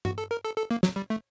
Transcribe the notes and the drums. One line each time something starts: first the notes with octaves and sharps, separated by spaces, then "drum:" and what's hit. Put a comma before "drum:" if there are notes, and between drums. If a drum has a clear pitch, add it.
F#4, drum: tom G2
A4
A#4
A4
A4
A#3
F#3, drum: snare
G3
A3